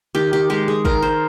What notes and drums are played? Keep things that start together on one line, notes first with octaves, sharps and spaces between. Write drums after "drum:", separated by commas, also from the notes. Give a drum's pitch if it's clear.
D#3 G4
G4
G#3 G4
G#4
D#3 A#4, drum: kick
C5